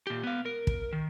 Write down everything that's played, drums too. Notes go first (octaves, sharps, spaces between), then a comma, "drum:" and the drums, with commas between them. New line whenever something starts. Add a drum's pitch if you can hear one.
A#2 G4
B3 F5
A#4
drum: kick
D#3